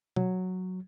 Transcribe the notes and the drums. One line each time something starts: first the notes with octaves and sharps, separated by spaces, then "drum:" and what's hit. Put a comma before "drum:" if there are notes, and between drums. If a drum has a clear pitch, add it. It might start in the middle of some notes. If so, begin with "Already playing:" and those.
F#3, drum: tom